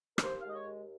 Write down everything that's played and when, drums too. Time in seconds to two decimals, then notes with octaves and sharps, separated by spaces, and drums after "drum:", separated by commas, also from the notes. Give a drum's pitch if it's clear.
0.18 A#4, drum: rim click
0.23 D#2 C5
0.41 F5
0.45 G#3 D#5
0.55 C#5
0.65 D#2